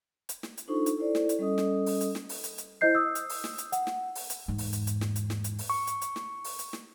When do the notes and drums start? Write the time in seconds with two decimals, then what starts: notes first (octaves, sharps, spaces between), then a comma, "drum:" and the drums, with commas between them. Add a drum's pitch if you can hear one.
0.29 drum: hi-hat
0.43 drum: snare
0.57 drum: hi-hat
0.68 D4 D#4 F4 A4 C5 C#6
0.86 drum: hi-hat
0.97 E4 A4 C5 D5
1.15 drum: snare
1.29 drum: hi-hat
1.39 G3 C#4 A4 D#5 D#6
1.58 drum: snare
1.86 drum: open hi-hat
2.01 drum: hi-hat
2.15 drum: snare
2.29 drum: open hi-hat
2.44 drum: hi-hat
2.58 drum: hi-hat
2.81 E4 C5 D#5 G6 C7
2.95 D#6 E6
3.15 drum: hi-hat
3.29 drum: open hi-hat
3.44 drum: snare
3.58 drum: hi-hat
3.72 F#5, drum: hi-hat
3.87 drum: snare
4.15 drum: open hi-hat
4.30 drum: hi-hat
4.48 E2 G#2
4.58 drum: open hi-hat
4.73 drum: hi-hat
4.87 drum: hi-hat
5.01 drum: snare
5.16 drum: hi-hat
5.30 drum: snare
5.44 drum: hi-hat
5.59 drum: open hi-hat
5.70 C#6
5.87 drum: hi-hat
6.01 drum: hi-hat
6.16 drum: snare
6.44 drum: open hi-hat
6.59 drum: hi-hat
6.73 drum: snare